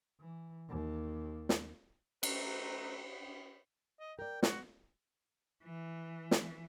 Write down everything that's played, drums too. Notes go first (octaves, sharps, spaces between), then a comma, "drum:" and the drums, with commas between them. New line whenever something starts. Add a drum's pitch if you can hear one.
E3
D#2
drum: snare
F#3 A3 D#4 B4 C5, drum: cymbal
D#5
A#4 D5 G5
B3 F#4, drum: snare
E3
drum: snare